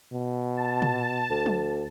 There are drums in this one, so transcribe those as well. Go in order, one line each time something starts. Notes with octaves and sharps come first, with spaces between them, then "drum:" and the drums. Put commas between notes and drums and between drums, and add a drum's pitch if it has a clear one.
B2
A5
drum: tom A#2
D2
drum: tom F3